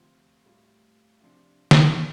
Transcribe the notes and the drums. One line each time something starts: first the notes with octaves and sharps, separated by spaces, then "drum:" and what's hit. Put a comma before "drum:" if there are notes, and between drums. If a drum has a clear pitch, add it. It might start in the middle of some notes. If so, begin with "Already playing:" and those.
Already playing: D2 C3 F3 C4 F4
A2 G3 F4
C3 F3 D4 F4
drum: snare
G3 D4